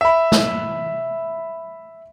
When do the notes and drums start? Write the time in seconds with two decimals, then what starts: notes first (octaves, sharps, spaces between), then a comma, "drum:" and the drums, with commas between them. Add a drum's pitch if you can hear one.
0.01 E5 B5
0.32 drum: snare